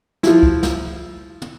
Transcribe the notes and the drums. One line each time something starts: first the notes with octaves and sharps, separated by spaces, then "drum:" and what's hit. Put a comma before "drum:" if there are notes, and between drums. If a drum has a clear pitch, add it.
F3 E4, drum: snare
drum: kick
drum: snare
drum: tom